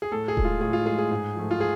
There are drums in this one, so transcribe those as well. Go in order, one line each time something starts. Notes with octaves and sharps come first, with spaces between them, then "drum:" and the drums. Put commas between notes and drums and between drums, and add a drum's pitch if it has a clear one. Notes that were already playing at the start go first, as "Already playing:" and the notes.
G#4
A2 A4
G#4
G#3, drum: kick D#1
F4
A2 G#4
F4
G#3 G#4
G#4
G#2
F3 A3
F4
G#4